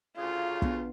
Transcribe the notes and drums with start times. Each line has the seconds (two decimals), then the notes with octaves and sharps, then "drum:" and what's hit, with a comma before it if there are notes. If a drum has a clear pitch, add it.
0.17 D2 C#3 F4
0.62 B3 D4, drum: kick